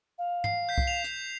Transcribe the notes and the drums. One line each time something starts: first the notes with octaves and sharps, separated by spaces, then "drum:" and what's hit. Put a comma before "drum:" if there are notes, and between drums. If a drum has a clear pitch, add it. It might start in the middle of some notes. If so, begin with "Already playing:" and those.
F5
C7, drum: tom
G6 B6
drum: kick C2
E7 F7
drum: hi-hat